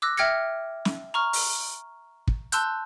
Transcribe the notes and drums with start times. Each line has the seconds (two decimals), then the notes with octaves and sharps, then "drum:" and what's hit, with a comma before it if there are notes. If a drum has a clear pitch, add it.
0.02 D6 E6 F#6 A#6
0.17 E5 G5 F6 G#6 A#6 C#7
0.85 drum: snare
1.14 A#5 C#6 F6
1.33 drum: open hi-hat
2.28 drum: kick
2.52 A5 C6 E6 F#6 G6, drum: hi-hat